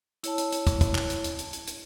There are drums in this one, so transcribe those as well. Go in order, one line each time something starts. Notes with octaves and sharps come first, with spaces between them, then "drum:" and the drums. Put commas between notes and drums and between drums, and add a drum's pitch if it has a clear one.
E4 C#5 A5, drum: hi-hat
drum: hi-hat
drum: hi-hat
drum: kick, hi-hat
drum: kick, hi-hat
drum: clap
drum: hi-hat
drum: hi-hat
drum: hi-hat
drum: hi-hat
drum: hi-hat